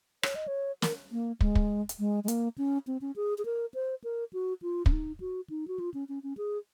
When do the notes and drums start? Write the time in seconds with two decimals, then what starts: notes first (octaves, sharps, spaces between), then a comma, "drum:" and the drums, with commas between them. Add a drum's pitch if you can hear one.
0.23 C#5, drum: rim click
0.35 D#5
0.48 C#5
0.82 A#4, drum: snare
1.12 A#3
1.41 G#3, drum: kick
1.55 drum: kick
1.89 drum: hi-hat
1.99 G#3
2.24 G#3
2.28 A#3, drum: hi-hat
2.58 C#4
2.87 C4
3.01 C#4
3.16 G#4
3.38 G#4
3.45 A#4
3.74 C5
4.04 A#4
4.33 F#4
4.62 F4
4.86 C#4, drum: kick
4.92 D#4
5.20 F#4
5.50 D#4
5.68 F#4
5.79 F4
5.94 C#4
6.09 C#4
6.23 C#4
6.37 G#4